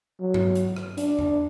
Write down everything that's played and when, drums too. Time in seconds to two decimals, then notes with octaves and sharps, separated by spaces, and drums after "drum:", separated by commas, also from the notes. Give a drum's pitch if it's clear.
0.20 F#3
0.34 drum: tom G2
0.55 drum: hi-hat
0.76 drum: rim click
0.98 D4, drum: hi-hat
1.19 drum: tom E2